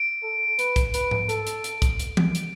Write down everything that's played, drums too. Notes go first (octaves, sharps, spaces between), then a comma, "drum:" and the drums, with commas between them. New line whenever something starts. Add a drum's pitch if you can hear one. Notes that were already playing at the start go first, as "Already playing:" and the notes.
Already playing: D7
A4
B4, drum: hi-hat
drum: kick, hi-hat
B4, drum: hi-hat
drum: tom G#2
A4, drum: hi-hat
drum: hi-hat
drum: hi-hat
drum: kick, hi-hat
drum: hi-hat
drum: tom
drum: hi-hat